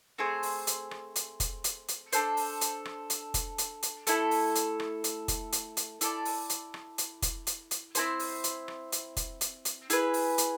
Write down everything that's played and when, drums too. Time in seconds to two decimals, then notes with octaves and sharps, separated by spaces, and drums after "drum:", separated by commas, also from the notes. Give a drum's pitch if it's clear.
0.18 A3 C4 G#4 C5
0.43 drum: open hi-hat
0.67 drum: hi-hat
0.91 drum: rim click
1.16 drum: hi-hat
1.40 drum: kick F1, hi-hat
1.64 drum: hi-hat
1.88 drum: hi-hat
2.12 D4 A4 C5, drum: hi-hat
2.37 drum: open hi-hat
2.61 drum: hi-hat
2.85 drum: rim click
3.10 drum: hi-hat
3.34 drum: kick F1, hi-hat
3.58 drum: hi-hat
3.83 drum: hi-hat
4.07 A3 E4 A4, drum: hi-hat
4.31 drum: open hi-hat
4.55 drum: hi-hat
4.80 drum: rim click
5.04 drum: hi-hat
5.28 drum: kick F1, hi-hat
5.52 drum: hi-hat
5.77 drum: hi-hat
6.01 E4 A4 D5 A5, drum: hi-hat
6.25 drum: open hi-hat
6.50 drum: hi-hat
6.74 drum: rim click
6.98 drum: hi-hat
7.22 drum: kick F1, hi-hat
7.47 drum: hi-hat
7.71 drum: hi-hat
7.95 C4 E4 G#4 C5, drum: hi-hat
8.19 drum: open hi-hat
8.44 drum: hi-hat
8.68 drum: rim click
8.92 drum: hi-hat
9.17 drum: kick F1, hi-hat
9.41 drum: hi-hat
9.65 drum: hi-hat
9.90 E4 G#4 B4, drum: hi-hat
10.14 drum: open hi-hat
10.38 drum: hi-hat